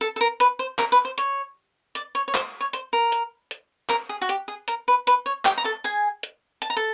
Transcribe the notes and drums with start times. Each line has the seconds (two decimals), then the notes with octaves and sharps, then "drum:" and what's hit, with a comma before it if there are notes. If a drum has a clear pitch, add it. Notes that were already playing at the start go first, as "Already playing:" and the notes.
0.01 A4
0.16 A4
0.21 A#4
0.40 B4, drum: hi-hat
0.59 C5
0.79 A#4, drum: clap
0.92 B4
1.05 C5
1.18 C#5, drum: hi-hat
1.95 D5, drum: hi-hat
2.15 C#5
2.28 C#5
2.35 C5, drum: clap
2.60 C#5
2.73 C5, drum: hi-hat
2.93 A#4
3.12 drum: hi-hat
3.51 drum: hi-hat
3.89 A#4, drum: clap
4.09 G#4
4.21 F#4
4.29 G4, drum: hi-hat
4.48 G#4
4.68 A#4, drum: hi-hat
4.88 B4
5.07 B4, drum: hi-hat
5.26 C#5
5.45 G4 G5, drum: clap
5.58 A#5
5.64 A4 A5
5.84 G#4 G#5
6.23 drum: hi-hat
6.62 A5, drum: hi-hat
6.70 A#5
6.76 A4 A5